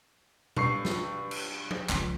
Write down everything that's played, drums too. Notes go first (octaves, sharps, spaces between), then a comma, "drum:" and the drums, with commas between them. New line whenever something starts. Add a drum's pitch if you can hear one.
G2 C#6 C7, drum: tom A#2
drum: snare
drum: cymbal
drum: tom F3
C#2 F3, drum: clap